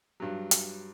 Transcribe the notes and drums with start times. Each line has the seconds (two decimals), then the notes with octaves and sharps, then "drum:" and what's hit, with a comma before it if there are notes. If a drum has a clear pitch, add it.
0.20 G2 F#3
0.51 drum: hi-hat